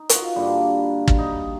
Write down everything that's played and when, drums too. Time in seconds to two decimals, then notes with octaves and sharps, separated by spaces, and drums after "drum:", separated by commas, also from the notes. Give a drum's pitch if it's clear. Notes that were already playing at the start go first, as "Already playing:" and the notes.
Already playing: D#4
0.09 F#4, drum: hi-hat
0.15 F4
0.35 G2 D3 G3 A#3
1.08 drum: kick
1.18 D#4